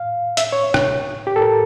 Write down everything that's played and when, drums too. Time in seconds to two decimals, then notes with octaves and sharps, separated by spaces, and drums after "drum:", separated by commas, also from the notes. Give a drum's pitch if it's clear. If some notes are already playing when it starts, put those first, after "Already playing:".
Already playing: F5
0.37 E5, drum: hi-hat
0.52 C#5
0.74 drum: rim click
1.27 G4
1.36 A4
1.41 A#4